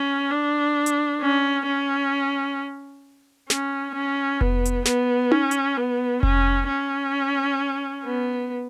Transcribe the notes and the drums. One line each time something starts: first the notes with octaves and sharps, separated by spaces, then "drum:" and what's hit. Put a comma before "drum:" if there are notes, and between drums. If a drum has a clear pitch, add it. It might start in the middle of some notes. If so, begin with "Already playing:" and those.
Already playing: C#4
D4
drum: hi-hat
C#4
C#4
C#4, drum: snare
C#4
B3, drum: kick F1
drum: hi-hat
B3, drum: snare
C#4, drum: tom D#4
drum: hi-hat
B3
C#4, drum: kick F1
C#4
B3